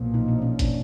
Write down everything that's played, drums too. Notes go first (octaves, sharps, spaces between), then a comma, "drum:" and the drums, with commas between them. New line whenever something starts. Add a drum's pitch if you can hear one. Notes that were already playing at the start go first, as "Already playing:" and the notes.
Already playing: B1 A#2 F3
D#4
D4
C#4
D4, drum: kick A1, hi-hat